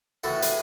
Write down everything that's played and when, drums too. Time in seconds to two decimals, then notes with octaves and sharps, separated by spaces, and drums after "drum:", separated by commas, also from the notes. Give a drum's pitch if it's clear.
0.24 A2 E3 F#4 A4
0.42 G#4 B4, drum: hi-hat